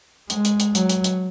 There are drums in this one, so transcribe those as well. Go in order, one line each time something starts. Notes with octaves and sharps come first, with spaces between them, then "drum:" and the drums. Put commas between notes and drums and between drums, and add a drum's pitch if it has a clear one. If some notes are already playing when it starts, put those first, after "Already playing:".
G#3, drum: hi-hat
drum: hi-hat
drum: hi-hat
F#3, drum: hi-hat
drum: hi-hat
drum: hi-hat